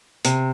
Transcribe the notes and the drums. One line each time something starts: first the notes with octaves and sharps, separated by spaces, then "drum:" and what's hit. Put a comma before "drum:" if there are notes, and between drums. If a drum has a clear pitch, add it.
C3, drum: hi-hat